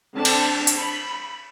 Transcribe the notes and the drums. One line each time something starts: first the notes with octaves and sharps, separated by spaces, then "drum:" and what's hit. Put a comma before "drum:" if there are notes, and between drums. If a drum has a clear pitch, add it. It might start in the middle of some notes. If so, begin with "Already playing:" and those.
D3 C4 D4 A5
drum: cymbal
drum: hi-hat
B5